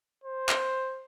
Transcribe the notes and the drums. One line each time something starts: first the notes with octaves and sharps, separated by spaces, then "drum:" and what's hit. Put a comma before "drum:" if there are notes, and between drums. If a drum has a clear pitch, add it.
C5
drum: clap